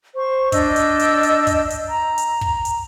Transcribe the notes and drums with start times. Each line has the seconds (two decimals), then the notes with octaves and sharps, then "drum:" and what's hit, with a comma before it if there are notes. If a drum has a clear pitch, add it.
0.16 C5 C#6
0.52 D4 D#5 E6 G6, drum: kick, hi-hat
0.76 drum: hi-hat
0.99 drum: hi-hat
1.23 drum: hi-hat
1.47 drum: kick, hi-hat
1.70 drum: hi-hat
1.88 A#5
2.18 drum: hi-hat
2.41 drum: kick
2.65 drum: hi-hat